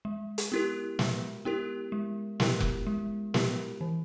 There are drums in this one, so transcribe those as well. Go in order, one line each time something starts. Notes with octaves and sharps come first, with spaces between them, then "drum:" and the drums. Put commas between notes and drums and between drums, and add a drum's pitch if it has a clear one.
G#3
drum: hi-hat
B3 E4 G4 A#4
G#3, drum: snare
B3 E4 G4 A#4
G#3
B3 E4 G4 A#4, drum: snare
drum: kick F1
G#3
B3 E4 G4 A#4, drum: snare
E3